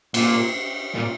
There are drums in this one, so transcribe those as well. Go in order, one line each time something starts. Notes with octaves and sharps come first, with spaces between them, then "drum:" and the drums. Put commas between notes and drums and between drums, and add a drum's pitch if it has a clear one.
A#2, drum: cymbal
A#2